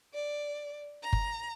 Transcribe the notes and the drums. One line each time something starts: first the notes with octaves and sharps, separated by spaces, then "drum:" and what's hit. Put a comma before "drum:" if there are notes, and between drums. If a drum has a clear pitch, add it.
D5
A#5
drum: kick G1